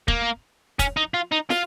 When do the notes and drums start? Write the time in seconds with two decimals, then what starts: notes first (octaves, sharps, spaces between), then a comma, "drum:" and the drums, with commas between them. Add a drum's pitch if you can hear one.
0.08 A#3, drum: kick
0.79 C#4, drum: kick, hi-hat
0.97 D#4
1.14 F4
1.32 D#4
1.50 F4, drum: snare